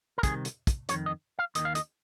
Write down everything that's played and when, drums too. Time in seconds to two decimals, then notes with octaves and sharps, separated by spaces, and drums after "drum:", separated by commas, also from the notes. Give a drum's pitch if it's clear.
0.18 A#4
0.23 C2 C3 D#3 G#4, drum: kick, hi-hat
0.45 drum: hi-hat
0.67 drum: kick, hi-hat
0.89 F2 D#3 C#5, drum: hi-hat
1.06 D#5
1.39 F5
1.55 D#2 D#3 D#5, drum: hi-hat
1.65 F5
1.75 D#5, drum: hi-hat